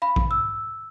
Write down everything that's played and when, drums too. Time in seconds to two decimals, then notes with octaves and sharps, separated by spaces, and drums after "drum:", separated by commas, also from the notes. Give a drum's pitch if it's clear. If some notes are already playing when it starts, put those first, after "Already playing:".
0.02 F5 B5
0.16 drum: kick A#1
0.31 E6